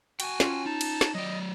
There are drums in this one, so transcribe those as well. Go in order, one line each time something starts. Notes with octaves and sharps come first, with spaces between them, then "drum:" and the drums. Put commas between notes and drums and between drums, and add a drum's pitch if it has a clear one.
F#4 G5 G#5, drum: cymbal
C#4 F4, drum: snare
D#4 A5
drum: cymbal
drum: snare
F#3 D5 D#5